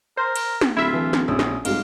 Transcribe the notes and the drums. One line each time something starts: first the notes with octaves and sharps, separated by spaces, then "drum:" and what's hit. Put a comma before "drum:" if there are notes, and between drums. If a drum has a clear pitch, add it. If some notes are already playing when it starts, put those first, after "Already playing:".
A#4 C5
drum: cymbal
drum: snare
D1 E4 F4 E5
E3 A4
drum: snare
A#1 C#4 D#6 E6
drum: snare
F1 G#2 G3 F5, drum: cymbal